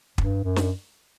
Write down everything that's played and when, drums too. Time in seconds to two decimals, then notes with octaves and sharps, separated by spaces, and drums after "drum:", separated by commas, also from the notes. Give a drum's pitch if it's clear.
0.18 G2, drum: kick
0.44 F#2
0.56 drum: snare